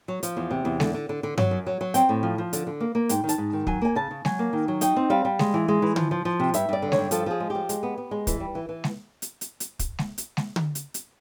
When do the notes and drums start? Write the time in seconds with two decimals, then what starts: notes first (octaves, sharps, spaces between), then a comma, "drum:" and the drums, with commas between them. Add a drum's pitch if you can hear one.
0.08 F#3
0.23 F3, drum: hi-hat
0.37 E2
0.51 C3
0.65 E2
0.80 D3, drum: snare
0.94 D3
1.09 D3
1.23 D3
1.38 F#3, drum: tom G2
1.51 F#2
1.67 F#3
1.81 F#3
1.94 C4 G5, drum: hi-hat
2.09 A2
2.23 F3
2.38 F3
2.53 D3, drum: hi-hat
2.67 D3
2.80 A#3
2.95 A#3
3.09 G#2 G5, drum: hi-hat
3.24 D#3
3.29 A5, drum: hi-hat
3.38 G#2
3.53 D#3
3.67 F#3 G#5, drum: kick
3.81 A#3 G#5
3.96 C#3 A5
4.11 C#3
4.25 F#3 G#5, drum: snare
4.39 A#3
4.53 D#3
4.68 F#3
4.81 D#4 G5, drum: hi-hat
4.96 C4
5.10 G3 F5
5.25 G3
5.39 G#3, drum: snare
5.54 E3
5.68 G#3
5.82 E3
5.96 F3, drum: tom D3
6.11 F3
6.25 F3
6.40 C3
6.54 G2 E5, drum: hi-hat
6.69 G2 D5
6.82 D3
6.92 C#5, drum: snare
6.97 G2
7.11 F3 A4, drum: hi-hat
7.26 F3 G#4
7.40 G#3
7.50 F3 G4
7.69 G#3, drum: hi-hat
7.83 B3
7.98 B3
8.11 G#3
8.27 E3, drum: kick, hi-hat
8.40 G3
8.55 E3
8.69 E3
8.84 drum: snare
9.22 drum: hi-hat
9.41 drum: hi-hat
9.60 drum: hi-hat
9.79 drum: kick, hi-hat
9.99 drum: snare
10.18 drum: hi-hat
10.37 drum: snare
10.56 drum: tom D3
10.75 drum: hi-hat
10.94 drum: hi-hat